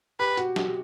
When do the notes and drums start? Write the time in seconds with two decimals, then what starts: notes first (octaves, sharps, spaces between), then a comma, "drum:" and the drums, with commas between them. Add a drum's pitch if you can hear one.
0.19 G4 B4
0.37 F#4, drum: hi-hat
0.56 F#4, drum: snare